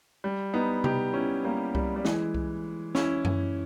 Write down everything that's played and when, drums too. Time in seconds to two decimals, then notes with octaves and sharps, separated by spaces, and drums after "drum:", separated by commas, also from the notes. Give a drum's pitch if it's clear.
0.24 G3
0.54 B3 D#4
0.84 D#4 G4, drum: tom C3
1.14 C#4 E4
1.44 G3 A#3
1.75 G3, drum: kick C2
1.96 G3
2.05 E3 G#3, drum: snare
2.34 drum: kick C2
2.95 C#4 E4, drum: snare
3.25 drum: tom F#2